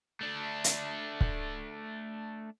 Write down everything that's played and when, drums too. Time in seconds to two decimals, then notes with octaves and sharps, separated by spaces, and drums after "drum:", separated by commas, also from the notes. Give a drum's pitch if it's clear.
0.21 A3 D4
0.64 drum: hi-hat
1.21 drum: kick